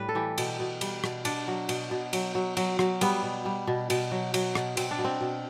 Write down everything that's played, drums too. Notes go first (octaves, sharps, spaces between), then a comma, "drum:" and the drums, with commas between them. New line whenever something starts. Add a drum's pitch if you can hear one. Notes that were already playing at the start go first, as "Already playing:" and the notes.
Already playing: A2 G3 B4
A4
E3 G4
B2, drum: cymbal
B2
G3, drum: cymbal
B2, drum: rim click
B2 D4, drum: cymbal
F#3
B2, drum: cymbal
B2
F#3, drum: cymbal
F#3
F#3, drum: cymbal
F#3, drum: rim click
G3 B3, drum: cymbal
B2
G3
B2
B2, drum: cymbal
F#3
F#3, drum: cymbal
B2, drum: rim click
B2 C4, drum: cymbal
D4
B2
C4
B2